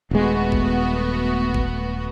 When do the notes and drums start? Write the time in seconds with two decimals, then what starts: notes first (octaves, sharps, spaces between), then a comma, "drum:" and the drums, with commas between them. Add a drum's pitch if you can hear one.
0.11 D#1 G#3 A3 B3 F#4
0.52 drum: kick G1
1.54 drum: kick G1